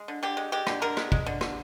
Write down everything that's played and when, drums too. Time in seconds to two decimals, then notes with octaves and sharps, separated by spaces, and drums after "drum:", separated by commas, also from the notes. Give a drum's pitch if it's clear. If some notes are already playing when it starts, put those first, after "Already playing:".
Already playing: G#3
0.08 D3
0.23 D3 G4
0.37 G#3
0.52 G#3 G4
0.67 D3, drum: rim click
0.82 D3 A#4
0.97 G#3, drum: rim click
1.12 G#3, drum: kick
1.26 D3
1.41 D3, drum: rim click